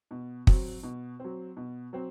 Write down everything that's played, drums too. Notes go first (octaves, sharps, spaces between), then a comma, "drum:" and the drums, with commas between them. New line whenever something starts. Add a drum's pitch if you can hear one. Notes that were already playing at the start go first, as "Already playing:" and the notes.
B2
F#3 C4, drum: kick
B2
F#3 C4
B2
F#3 C4